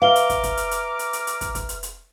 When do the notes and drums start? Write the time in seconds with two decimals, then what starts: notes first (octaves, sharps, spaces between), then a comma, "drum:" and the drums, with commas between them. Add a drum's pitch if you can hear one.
0.02 B4 E5 F5 A#5 D6 F6 G7
0.16 drum: hi-hat
0.29 drum: kick, hi-hat
0.43 drum: kick, hi-hat
0.57 drum: hi-hat
0.71 drum: hi-hat
0.99 drum: hi-hat
1.13 drum: hi-hat
1.27 drum: hi-hat
1.41 drum: kick, hi-hat
1.55 drum: kick, hi-hat
1.69 drum: hi-hat
1.83 drum: hi-hat